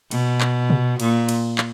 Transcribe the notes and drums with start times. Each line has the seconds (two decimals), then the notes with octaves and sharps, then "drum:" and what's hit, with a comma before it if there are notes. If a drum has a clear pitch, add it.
0.11 B2, drum: cymbal
0.40 drum: clap
0.70 drum: tom B2
1.00 A#2, drum: cymbal
1.29 drum: cymbal
1.58 drum: clap